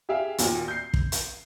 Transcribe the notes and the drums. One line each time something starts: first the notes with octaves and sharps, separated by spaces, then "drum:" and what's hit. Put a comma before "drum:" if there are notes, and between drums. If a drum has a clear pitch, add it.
G4 G#4 E5 F5 G5
D#2 A#2 F#4, drum: hi-hat
G6 C7
drum: kick
drum: hi-hat